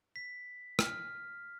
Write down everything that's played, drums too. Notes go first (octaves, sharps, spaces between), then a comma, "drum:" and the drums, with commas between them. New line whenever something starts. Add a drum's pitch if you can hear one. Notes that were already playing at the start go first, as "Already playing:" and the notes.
B6
F6, drum: rim click